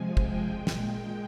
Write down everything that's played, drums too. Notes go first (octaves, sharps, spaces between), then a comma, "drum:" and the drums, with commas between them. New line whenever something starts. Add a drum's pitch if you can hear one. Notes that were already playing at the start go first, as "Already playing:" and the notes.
Already playing: C3 F3 G#3 G#5
G5, drum: kick
A#2 G#3 G5
drum: snare